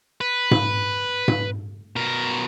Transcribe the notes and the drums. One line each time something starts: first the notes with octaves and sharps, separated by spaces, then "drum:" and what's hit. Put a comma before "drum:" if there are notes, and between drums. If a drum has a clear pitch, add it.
B4
drum: tom G#2
drum: tom G#2
B2 A#4